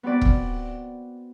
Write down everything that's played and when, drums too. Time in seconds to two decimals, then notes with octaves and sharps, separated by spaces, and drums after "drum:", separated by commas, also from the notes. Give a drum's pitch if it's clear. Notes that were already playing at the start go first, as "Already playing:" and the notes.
0.03 B3 C4 F#4 D5 B5
0.21 drum: kick E1